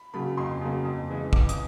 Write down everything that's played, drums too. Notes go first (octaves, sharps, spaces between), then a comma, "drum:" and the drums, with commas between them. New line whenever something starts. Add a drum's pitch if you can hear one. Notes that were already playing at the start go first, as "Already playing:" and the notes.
Already playing: B5
C#3 F#3 A#3 B5
F2 C6
C#3 F#3 A#3
F2
C#3 E3 G#3
F2 D6, drum: kick
D#6, drum: hi-hat